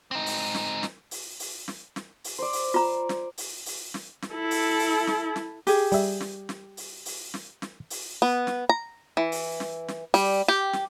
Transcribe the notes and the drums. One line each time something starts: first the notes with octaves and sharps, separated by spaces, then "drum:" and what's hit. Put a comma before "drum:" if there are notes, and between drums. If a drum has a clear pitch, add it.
C4 D#4
drum: open hi-hat
drum: snare
drum: snare
drum: open hi-hat
drum: open hi-hat
drum: snare
drum: snare
drum: open hi-hat
C5 D5
drum: open hi-hat
F4 A#5
drum: snare
drum: open hi-hat
drum: open hi-hat
drum: snare
drum: snare
E4 A4
drum: open hi-hat
drum: open hi-hat
drum: snare
drum: snare
G4 G#4, drum: open hi-hat
G3 E5, drum: open hi-hat
drum: snare
drum: snare
drum: open hi-hat
drum: open hi-hat
drum: snare
drum: snare
drum: open hi-hat
B3
drum: snare
A#5
E3
drum: open hi-hat
drum: snare
drum: snare
G3, drum: open hi-hat
G4
drum: snare